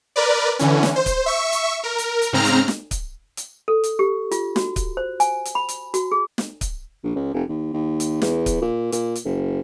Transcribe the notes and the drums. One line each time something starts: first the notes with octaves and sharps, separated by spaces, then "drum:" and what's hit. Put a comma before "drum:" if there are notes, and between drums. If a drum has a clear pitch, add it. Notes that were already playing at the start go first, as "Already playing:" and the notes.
A#4 B4 D5
D3 E3 C#4, drum: hi-hat
drum: snare
C5
drum: kick C#1, hi-hat
E5 C#6
drum: hi-hat
A#4
drum: hi-hat
drum: hi-hat
G#2 C#3 C4 A#5 F6
drum: hi-hat
drum: snare
drum: kick C#1, hi-hat
drum: hi-hat
A4
drum: hi-hat
G4
F4, drum: hi-hat
F#4, drum: snare
drum: kick C#1, hi-hat
C5
G#5, drum: hi-hat
drum: hi-hat
B5
drum: hi-hat
F#4, drum: hi-hat
G#4
drum: snare
drum: kick C#1, hi-hat
A#1
C#2
F1
D#2
D#2
drum: hi-hat
E2, drum: snare
drum: kick C#1, hi-hat
A#2
A#2, drum: hi-hat
drum: hi-hat
F#1